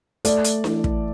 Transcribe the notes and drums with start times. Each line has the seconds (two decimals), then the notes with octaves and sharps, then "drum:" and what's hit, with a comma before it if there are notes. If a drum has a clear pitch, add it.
0.25 A3 D5, drum: hi-hat
0.44 drum: hi-hat
0.64 E3, drum: snare D4
0.84 drum: kick